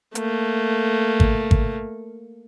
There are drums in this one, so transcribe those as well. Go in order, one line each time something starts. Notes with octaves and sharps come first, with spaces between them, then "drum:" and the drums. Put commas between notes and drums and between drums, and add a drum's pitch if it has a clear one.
A3 A#3, drum: hi-hat
drum: kick
drum: kick